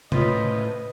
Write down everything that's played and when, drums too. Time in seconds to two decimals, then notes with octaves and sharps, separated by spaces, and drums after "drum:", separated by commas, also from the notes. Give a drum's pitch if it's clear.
0.12 A2 C#4 F4 B4 C5 D#5, drum: tom